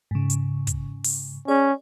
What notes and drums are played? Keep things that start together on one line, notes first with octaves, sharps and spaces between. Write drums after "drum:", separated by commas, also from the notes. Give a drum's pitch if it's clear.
G#2 C#3
drum: hi-hat
drum: kick, hi-hat
drum: open hi-hat
C#4 G#4 D5